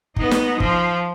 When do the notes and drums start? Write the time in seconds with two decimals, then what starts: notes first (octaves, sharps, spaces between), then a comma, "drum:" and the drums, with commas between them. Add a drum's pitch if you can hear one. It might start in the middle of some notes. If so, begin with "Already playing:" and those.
0.16 B3 D#4, drum: kick
0.31 drum: snare
0.60 F3, drum: kick